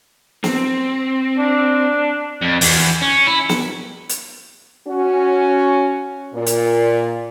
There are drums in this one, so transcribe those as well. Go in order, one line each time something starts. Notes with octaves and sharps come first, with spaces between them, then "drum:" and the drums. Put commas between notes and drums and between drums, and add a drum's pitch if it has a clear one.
C4, drum: snare
D4
F2
E2, drum: open hi-hat
C#4
E4
drum: snare
drum: hi-hat
C#4 F#4
A#2
drum: hi-hat